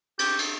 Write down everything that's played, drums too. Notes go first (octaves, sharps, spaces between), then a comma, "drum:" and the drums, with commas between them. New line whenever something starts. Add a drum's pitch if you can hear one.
G4, drum: cymbal
drum: cymbal